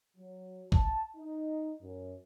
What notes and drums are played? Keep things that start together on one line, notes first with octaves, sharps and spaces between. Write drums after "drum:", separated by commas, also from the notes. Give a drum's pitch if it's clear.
F#3
A5, drum: kick
D#4
F#2